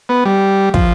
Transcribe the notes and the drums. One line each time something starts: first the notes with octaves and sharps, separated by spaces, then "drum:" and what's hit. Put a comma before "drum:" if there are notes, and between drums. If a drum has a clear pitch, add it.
B3
G3
F3, drum: kick